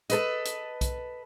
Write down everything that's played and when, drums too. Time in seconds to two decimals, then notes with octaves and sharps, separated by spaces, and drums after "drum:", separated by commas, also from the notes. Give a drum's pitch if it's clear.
0.10 A4 B4 D#5, drum: hi-hat
0.45 drum: hi-hat
0.81 drum: kick B1, hi-hat